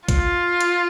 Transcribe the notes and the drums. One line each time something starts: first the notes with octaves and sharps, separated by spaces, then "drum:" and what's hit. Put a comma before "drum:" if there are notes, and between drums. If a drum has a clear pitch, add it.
F4, drum: kick, hi-hat
drum: hi-hat